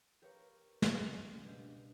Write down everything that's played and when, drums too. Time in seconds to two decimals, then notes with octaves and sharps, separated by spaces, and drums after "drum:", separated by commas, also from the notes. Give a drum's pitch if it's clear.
0.22 G4 A#4 B4 C#5 F5
0.82 C#2, drum: snare
1.44 B2 G3 D4 G4 D#5 F5